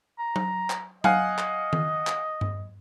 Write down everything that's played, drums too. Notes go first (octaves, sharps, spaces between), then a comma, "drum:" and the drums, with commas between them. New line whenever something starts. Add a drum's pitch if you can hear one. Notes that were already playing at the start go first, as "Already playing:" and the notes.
A#5
drum: tom F#3
drum: clap
D#5 F5 F#5 G#5, drum: tom F#3
drum: clap
drum: tom D#3
drum: clap
drum: tom G2